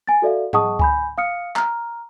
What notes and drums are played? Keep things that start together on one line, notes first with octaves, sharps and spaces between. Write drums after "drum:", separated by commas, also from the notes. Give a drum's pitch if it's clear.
G#5 A6
F#4 A4 D5 E5 F5
G#4 D#5 F#5 A5 C#6 D#6, drum: tom
G#5 B5 G6, drum: kick C#2
F5 D#6 F6 C#7
A#5 F6, drum: clap